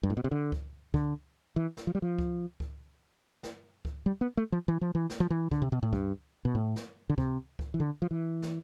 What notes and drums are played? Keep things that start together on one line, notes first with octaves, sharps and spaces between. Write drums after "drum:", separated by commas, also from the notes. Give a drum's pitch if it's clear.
G2
A2
B2
C3
D3
drum: kick C#2
D3, drum: kick C#2
E3
drum: snare
F3
G3
F3
drum: kick C#2
drum: kick C#2
drum: snare
drum: kick C#2
G3
B3
A3
F3
E3
F3
E3
drum: snare
F3
E3
D3, drum: kick C#2
C3
B2
A2
G2, drum: kick C#2
B2
A2
drum: snare
D3
C3, drum: kick C#2
drum: kick C#2
E3
D3
F3
E3
drum: snare